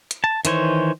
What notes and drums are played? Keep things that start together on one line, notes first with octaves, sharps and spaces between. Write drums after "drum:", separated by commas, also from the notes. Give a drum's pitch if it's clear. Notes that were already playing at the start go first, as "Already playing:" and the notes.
drum: hi-hat
A5
D#3 E3 C5 C#5, drum: hi-hat